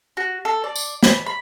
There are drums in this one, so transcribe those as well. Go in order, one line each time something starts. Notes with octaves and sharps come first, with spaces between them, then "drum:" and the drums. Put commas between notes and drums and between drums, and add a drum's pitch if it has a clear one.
F#4
A4
D5
drum: tambourine
B5, drum: snare
B5